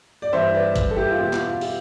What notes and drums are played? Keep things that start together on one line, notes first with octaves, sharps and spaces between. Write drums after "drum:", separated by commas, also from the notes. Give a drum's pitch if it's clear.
D5
G2 E3 G3 C4 C5 E5
B4 D5
drum: kick G1, hi-hat
A4
E4 G4
F4
E2 B2 B3 E4 G4
F4, drum: clap
F4
E4 G4, drum: open hi-hat